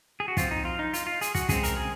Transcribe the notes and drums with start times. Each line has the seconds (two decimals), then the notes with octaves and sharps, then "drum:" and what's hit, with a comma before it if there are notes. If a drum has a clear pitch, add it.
0.20 G#4
0.28 F#4
0.37 F3 C4 F4, drum: kick, hi-hat
0.51 D#4
0.65 F4
0.79 D#4
0.94 F4, drum: hi-hat
1.07 F4
1.21 G#4, drum: hi-hat
1.35 F#4, drum: kick, hi-hat
1.49 C#3 G#3 C4 G#4, drum: kick, hi-hat
1.63 A#4, drum: hi-hat
1.77 G#4